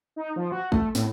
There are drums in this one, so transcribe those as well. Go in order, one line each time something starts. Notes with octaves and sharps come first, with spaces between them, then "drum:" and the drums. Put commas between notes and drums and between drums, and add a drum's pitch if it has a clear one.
D#4
F3
F#4
A3, drum: kick A1
A2, drum: snare